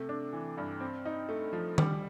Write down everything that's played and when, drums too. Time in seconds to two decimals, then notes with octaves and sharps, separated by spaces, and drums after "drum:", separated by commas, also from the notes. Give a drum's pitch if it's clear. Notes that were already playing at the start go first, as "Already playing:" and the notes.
Already playing: C3 A3
0.09 D4
0.33 E3
0.58 G2
0.80 C4
1.05 D#4
1.29 A3
1.53 F3
1.78 G3, drum: tom D#3